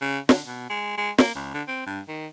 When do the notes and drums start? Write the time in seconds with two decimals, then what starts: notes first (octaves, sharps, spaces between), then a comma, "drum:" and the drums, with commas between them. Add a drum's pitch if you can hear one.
0.01 C#3
0.29 D3, drum: snare
0.46 B2
0.70 G#3
0.98 G#3
1.18 A#3, drum: snare
1.35 C#2
1.54 D3
1.68 C4
1.87 G2
2.09 D#3